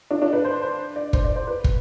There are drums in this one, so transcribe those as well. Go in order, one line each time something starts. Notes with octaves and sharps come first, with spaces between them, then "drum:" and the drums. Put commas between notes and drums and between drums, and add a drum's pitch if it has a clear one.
D4
D4
B4
C5
C5
D5
C5, drum: kick
D5
C5
B4
drum: kick